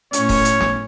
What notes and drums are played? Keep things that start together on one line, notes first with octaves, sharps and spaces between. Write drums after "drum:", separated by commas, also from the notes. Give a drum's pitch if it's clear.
A2 C#4 C#5, drum: hi-hat
drum: kick E1, open hi-hat
drum: hi-hat
drum: snare